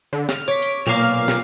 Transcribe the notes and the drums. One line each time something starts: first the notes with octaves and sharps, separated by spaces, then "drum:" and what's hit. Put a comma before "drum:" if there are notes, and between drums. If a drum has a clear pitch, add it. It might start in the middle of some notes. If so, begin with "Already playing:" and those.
D3
F6, drum: snare
C#5 D6 B6
drum: hi-hat
B1 A#2 A#3 F5
drum: snare